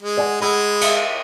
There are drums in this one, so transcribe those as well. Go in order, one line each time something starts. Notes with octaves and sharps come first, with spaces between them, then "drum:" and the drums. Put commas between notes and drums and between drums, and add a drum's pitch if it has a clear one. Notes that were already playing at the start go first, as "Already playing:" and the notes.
G#3
D5 F#5 G#5
G#3 F#5 B5 E6
D#6, drum: cymbal